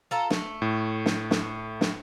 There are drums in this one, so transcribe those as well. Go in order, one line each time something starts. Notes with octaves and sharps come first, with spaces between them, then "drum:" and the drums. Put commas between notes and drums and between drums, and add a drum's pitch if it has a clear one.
F4 A4 A#5
A3, drum: snare
A2
drum: snare
drum: snare
drum: snare